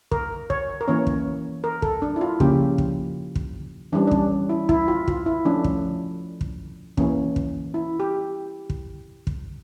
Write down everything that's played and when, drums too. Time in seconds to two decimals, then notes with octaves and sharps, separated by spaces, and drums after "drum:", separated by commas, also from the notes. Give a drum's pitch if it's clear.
0.11 A#4, drum: kick
0.50 C#5, drum: kick
0.81 A#4
0.88 E3 A#3 C#4 C#5
1.07 drum: kick
1.64 A#4
1.82 A4, drum: kick
2.02 D4
2.16 E4
2.21 F4
2.40 C#3 F3 A#3 C#4 G4, drum: kick
2.78 drum: kick
3.35 drum: kick
3.92 E3 G3 C#4 D4
4.08 D4
4.11 C#4, drum: kick
4.49 E4
4.69 E4, drum: kick
4.88 F4
5.08 F4, drum: kick
5.26 E4
5.45 F3 A3 C#4 D4
5.64 drum: kick
6.41 drum: kick
6.97 E3 A#3 C#4, drum: kick
7.36 drum: kick
7.74 E4
8.00 G4
8.70 drum: kick
9.27 drum: kick